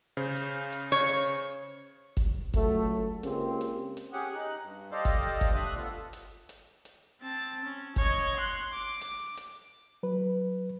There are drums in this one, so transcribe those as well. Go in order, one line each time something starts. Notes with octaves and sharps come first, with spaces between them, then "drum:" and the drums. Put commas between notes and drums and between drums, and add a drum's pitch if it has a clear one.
C#3 C5
drum: hi-hat
drum: hi-hat
C#5
drum: hi-hat
drum: kick F#1, hi-hat
C#2 F#3 A3, drum: kick F#1, hi-hat
C#2 C#3 A#3 C4 G4, drum: hi-hat
drum: hi-hat
drum: hi-hat
C#4 G4 G#4 F#5
D#4 F#6
G2
G4 A4 C5 D5 D#5 F5
drum: kick F#1, hi-hat
drum: kick F#1, hi-hat
A3 D4 E5 D#6 F#6
A3 B3 F4 A4
drum: hi-hat
drum: hi-hat
drum: hi-hat
C4 A5
C#4
C#5 D#5, drum: kick F#1, hi-hat
C6 F#6
D6
drum: hi-hat
drum: hi-hat
F#3 B4